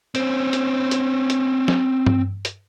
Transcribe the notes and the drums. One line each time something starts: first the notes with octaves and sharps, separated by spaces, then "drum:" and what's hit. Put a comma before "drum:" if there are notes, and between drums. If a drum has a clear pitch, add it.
C4 C#4, drum: hi-hat
drum: hi-hat
drum: hi-hat
drum: hi-hat
drum: snare
drum: tom G2
drum: hi-hat